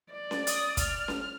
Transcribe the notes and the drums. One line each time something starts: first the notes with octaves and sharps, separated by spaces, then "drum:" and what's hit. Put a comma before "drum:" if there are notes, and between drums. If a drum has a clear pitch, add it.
D5
drum: snare C#4
D#6, drum: hi-hat
F6, drum: kick, hi-hat
drum: snare C#4